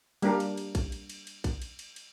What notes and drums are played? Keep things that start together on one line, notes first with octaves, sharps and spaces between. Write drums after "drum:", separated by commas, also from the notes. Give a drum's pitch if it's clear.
G3 A#3 D4 G4 A#4, drum: cymbal
drum: cymbal
drum: cymbal
drum: kick A#1, cymbal
drum: cymbal
drum: cymbal
drum: cymbal
drum: kick A#1, cymbal
drum: cymbal
drum: cymbal
drum: cymbal